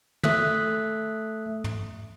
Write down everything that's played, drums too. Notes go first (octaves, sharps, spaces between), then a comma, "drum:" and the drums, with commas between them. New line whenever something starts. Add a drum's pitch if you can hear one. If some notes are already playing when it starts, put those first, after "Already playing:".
A3 E5 D#6 F#6 B6, drum: tom
drum: tom